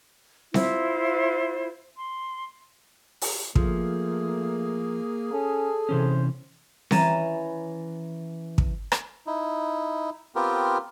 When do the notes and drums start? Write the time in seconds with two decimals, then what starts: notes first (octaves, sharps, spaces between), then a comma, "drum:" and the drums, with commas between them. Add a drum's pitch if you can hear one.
0.54 E4 F4 C5, drum: snare C4
1.96 C6
3.21 drum: open hi-hat
3.55 F3 A3 A#3 G#4, drum: kick
5.33 C#4 A4
5.89 C3 E3 C#4 C5
6.91 E3 C#4 A#5 A6 D#7 E7, drum: snare C4
8.58 drum: kick
8.92 drum: rim click
9.27 D#4 E4
10.35 B3 C4 F4 G4 A#4